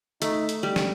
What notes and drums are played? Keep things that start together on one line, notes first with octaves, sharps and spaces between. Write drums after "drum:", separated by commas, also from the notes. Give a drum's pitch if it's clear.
A3 D#4, drum: hi-hat
drum: hi-hat
G3
drum: snare